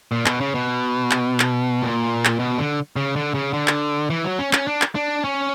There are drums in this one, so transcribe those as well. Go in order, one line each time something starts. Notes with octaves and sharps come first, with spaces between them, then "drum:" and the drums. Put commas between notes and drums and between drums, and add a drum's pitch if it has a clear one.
A#2
B2, drum: clap
C#3
B2
drum: clap
drum: clap
A#2
drum: clap
B2
D3
C#3
D3
C#3
D3
drum: clap
E3
F#3
C#4
C#4, drum: clap
D4
drum: clap
D4
C#4